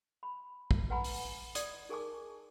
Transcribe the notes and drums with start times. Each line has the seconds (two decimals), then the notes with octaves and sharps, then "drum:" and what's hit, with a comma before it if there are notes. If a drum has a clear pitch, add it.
0.23 B5
0.71 drum: kick
0.90 B4 F#5 G#5 A#5 B5
1.04 drum: open hi-hat
1.55 D5 D#6, drum: hi-hat
1.89 D#4 G#4 A#4 G#5 A5 D6